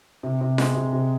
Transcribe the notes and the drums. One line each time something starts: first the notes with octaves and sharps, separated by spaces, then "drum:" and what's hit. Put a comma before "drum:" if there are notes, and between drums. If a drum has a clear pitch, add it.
C3
C3
G#3, drum: snare F4
C3
C3